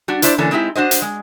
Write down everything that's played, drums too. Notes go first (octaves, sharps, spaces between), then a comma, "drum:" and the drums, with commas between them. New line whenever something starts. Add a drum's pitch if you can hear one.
G3 D4 F#4
D4 E4 C5 D5, drum: hi-hat
D3 E3 A#3 C#4 D4 A4
G#3 C4 D#4 E4 G4
D4 F#4 C5 D#5
drum: hi-hat
G#3